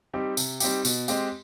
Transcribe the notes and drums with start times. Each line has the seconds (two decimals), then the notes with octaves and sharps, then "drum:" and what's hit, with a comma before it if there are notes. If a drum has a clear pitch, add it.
0.13 G3 C4 D#4 G4
0.37 C3, drum: tambourine
0.60 G3 C4 D#4 G4, drum: tambourine
0.85 B2, drum: tambourine
1.08 G#3 C4 G4, drum: tambourine